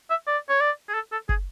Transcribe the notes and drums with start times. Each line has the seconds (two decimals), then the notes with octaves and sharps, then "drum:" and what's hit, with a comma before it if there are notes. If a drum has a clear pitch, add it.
0.10 E5
0.27 D5
0.49 C#5
0.61 D5
0.89 G#4
0.94 A4
1.12 A4
1.29 G#4, drum: kick